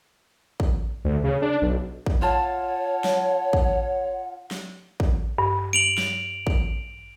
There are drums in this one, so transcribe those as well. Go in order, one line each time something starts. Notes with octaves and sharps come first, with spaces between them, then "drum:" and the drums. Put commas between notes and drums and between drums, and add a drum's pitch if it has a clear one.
drum: kick
D2
C#3
D4
B1
drum: kick
F4 C#5 F#5 A5
drum: snare
drum: kick
drum: snare
drum: kick
G2
D7 F7 F#7
drum: snare
drum: kick